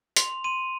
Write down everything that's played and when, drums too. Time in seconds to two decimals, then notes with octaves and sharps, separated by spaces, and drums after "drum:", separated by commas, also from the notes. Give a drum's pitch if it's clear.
0.16 C6 F7, drum: hi-hat
0.44 C6 D#7